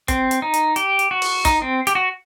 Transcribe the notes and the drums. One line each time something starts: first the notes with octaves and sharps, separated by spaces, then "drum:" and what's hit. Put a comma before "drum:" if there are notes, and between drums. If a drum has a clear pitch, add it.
C4, drum: kick, hi-hat
drum: hi-hat
D#4
drum: hi-hat
G4, drum: hi-hat
drum: hi-hat
F#4
drum: open hi-hat
D#4, drum: kick, hi-hat
C4
G4, drum: hi-hat
F#4